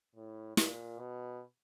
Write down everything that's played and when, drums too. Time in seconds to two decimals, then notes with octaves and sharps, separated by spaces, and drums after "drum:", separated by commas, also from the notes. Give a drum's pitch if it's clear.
0.16 A2
0.57 A#2, drum: snare
0.99 B2